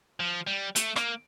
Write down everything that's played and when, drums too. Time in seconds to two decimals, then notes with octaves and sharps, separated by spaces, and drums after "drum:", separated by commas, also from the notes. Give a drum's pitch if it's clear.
0.20 F3
0.47 G3
0.76 A3, drum: hi-hat
0.96 A#3, drum: rim click